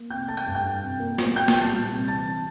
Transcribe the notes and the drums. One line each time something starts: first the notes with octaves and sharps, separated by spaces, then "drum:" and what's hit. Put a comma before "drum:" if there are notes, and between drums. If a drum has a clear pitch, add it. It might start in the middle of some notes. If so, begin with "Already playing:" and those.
Already playing: A#3
C3 G5 G6
A3 A5 A6
G5 G6, drum: tambourine
G2
G5 G6
D4
C3
A#3
A2, drum: snare
C4 G5 G6
G5 G6, drum: snare
A#2
A5 A6
G3
C3
E3 A5 A6